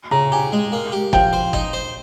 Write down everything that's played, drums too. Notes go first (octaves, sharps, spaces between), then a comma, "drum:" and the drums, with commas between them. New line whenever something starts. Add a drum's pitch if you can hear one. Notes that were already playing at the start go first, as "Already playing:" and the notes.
C#3 A#5
G4 G#5
G#3
A#3
G4
F3 G5, drum: kick
C5
D#4, drum: kick
C5